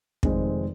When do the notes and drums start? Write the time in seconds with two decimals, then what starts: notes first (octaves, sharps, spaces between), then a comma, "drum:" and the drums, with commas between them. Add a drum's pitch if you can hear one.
0.23 F1 F2 D#3 G#3 C4, drum: kick